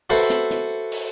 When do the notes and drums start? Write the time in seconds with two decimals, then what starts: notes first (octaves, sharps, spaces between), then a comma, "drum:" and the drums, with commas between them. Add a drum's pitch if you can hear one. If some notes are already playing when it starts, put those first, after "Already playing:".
0.10 F#4 A4 B4 C5 E5 F#5, drum: open hi-hat
0.30 drum: hi-hat
0.51 drum: hi-hat
0.92 drum: open hi-hat